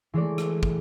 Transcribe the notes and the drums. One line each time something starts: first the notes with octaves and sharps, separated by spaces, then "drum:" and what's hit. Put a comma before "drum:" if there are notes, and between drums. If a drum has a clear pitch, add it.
E3 G#3 A3 D5
drum: rim click
drum: kick